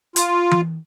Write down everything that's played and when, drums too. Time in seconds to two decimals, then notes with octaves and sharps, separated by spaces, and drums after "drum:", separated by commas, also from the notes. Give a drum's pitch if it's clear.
0.16 F4, drum: hi-hat
0.51 drum: tom E3